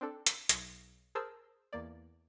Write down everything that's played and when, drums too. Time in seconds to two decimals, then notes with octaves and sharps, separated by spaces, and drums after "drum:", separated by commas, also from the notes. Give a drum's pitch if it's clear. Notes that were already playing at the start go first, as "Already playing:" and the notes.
0.01 C4 D4 A4
0.26 drum: hi-hat
0.49 B1, drum: hi-hat
1.15 G#4 A#4 C5 A5 E6
1.73 E2 A#3 D5